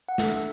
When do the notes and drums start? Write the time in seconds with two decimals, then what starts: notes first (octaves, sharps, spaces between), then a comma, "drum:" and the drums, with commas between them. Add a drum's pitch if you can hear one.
0.09 F#5
0.18 D4 A4 E5, drum: snare